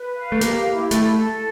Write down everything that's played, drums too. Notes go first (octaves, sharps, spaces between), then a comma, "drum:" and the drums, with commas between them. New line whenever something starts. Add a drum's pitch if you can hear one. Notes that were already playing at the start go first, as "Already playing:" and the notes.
Already playing: B4
F5
A3
A#3 G4, drum: hi-hat
E4
A3 A4, drum: hi-hat
A4